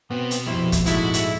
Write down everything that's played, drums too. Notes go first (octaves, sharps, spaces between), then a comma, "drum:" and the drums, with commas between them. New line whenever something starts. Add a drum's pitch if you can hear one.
B2 B3 C4
drum: hi-hat
A#1 F2 F3 G3 E4 C5
drum: kick, hi-hat
G#2 G#3 A3 E4 F#4, drum: hi-hat
drum: hi-hat